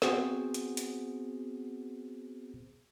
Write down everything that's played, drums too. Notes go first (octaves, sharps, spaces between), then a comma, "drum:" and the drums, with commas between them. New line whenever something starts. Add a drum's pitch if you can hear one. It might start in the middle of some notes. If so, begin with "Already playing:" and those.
B3 C4 F#4 G#4 C5, drum: snare
drum: hi-hat
drum: hi-hat